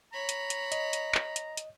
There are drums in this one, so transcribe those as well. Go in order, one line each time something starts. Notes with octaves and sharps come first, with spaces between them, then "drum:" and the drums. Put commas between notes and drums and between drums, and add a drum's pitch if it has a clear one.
C#5 A#5 B5
drum: hi-hat
drum: hi-hat
D#5, drum: hi-hat
drum: hi-hat
drum: clap
drum: hi-hat
drum: hi-hat